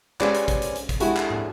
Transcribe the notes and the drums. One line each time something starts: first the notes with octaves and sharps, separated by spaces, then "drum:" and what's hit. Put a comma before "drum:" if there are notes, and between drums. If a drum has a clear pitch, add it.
G#3 C#4 G4 B4 C5 D5, drum: clap
drum: hi-hat
drum: kick, hi-hat
drum: hi-hat
drum: hi-hat
drum: kick, hi-hat
G#3 D4 E4 F#4 G4 A4, drum: hi-hat
drum: clap
drum: tom